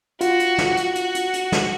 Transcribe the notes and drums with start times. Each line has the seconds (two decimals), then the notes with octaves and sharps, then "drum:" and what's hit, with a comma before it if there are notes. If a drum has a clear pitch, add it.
0.21 F4 F#4, drum: hi-hat
0.40 drum: hi-hat
0.58 drum: snare
0.77 drum: hi-hat
0.95 F#4, drum: hi-hat
1.15 drum: hi-hat
1.33 drum: hi-hat
1.52 drum: snare